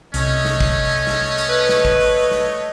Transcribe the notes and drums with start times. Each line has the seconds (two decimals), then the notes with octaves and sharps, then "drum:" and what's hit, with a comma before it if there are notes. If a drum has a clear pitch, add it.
0.14 C2 A3 C#4 C#5 D#5, drum: hi-hat
0.45 drum: snare
0.61 drum: kick
1.07 drum: snare
1.38 drum: hi-hat
1.49 B4
1.69 drum: snare
1.85 drum: kick
2.00 drum: open hi-hat
2.31 drum: snare